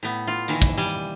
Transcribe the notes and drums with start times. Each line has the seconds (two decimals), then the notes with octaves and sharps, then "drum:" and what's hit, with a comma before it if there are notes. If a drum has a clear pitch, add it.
0.03 A2 B3
0.27 F4
0.48 D#3 E3 A#3, drum: hi-hat
0.62 drum: kick, hi-hat
0.77 G3 G#5, drum: hi-hat
0.89 drum: hi-hat